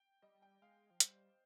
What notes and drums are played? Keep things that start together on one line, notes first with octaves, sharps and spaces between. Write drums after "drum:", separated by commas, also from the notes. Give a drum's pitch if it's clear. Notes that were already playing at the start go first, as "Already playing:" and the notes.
Already playing: G5
G3 D#5
G5
G#3 F5
F3
G3 C5, drum: hi-hat